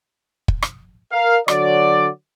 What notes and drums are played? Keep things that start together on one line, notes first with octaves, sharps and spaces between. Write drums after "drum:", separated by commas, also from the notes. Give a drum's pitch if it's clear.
drum: kick
drum: rim click
A#4 F5
D3 F#3 F#4 C#5 D5, drum: rim click